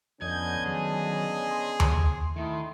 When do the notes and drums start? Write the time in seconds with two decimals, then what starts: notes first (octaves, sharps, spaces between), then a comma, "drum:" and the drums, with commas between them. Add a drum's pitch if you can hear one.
0.22 F2 D3 F3 B3 C#4 D#5 G6 G#6
0.66 D#3 F#3 G#4 A5
1.51 C6
1.80 drum: tom D#2
2.36 D#3 A3 E4